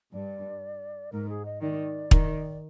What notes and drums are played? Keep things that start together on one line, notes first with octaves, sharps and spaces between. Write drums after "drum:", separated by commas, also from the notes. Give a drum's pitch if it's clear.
G2 D5
G#2 A#4
G#4
D#5
D#3 D5
D#3, drum: kick